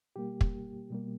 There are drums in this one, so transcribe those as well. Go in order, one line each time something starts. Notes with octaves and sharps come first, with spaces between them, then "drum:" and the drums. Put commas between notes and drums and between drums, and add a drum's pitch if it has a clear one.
B2 G3 A#3 G4
drum: kick
B2 G3 A#3